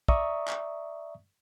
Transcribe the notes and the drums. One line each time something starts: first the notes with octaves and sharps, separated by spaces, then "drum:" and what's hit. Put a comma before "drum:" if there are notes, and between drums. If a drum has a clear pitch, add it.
D5 E5 A#5 C#6 D#6, drum: kick
drum: clap